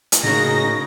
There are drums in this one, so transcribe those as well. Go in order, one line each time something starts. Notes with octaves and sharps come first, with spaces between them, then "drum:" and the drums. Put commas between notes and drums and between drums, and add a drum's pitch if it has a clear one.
drum: hi-hat
A2 C#3 A#3 D#4 F#4 A#6